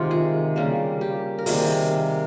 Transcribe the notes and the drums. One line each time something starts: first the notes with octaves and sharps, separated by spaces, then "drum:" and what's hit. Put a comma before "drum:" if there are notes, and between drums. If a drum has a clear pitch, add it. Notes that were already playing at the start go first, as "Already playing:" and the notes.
Already playing: C3 D#3 G#3 F4
G#4
C#3 G3 A#3
G4
A#4
C3 D#3 G3 A#3 G#4, drum: open hi-hat